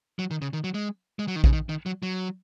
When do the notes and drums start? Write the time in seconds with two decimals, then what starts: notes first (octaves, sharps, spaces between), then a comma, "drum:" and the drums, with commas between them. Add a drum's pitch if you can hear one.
0.19 F#3
0.31 D#3
0.42 C#3
0.53 D#3
0.64 F#3
0.74 G#3
1.19 G#3
1.28 F#3
1.36 D#3
1.44 C#3, drum: kick A#1
1.53 D#3
1.69 D#3
1.86 F#3
2.03 F#3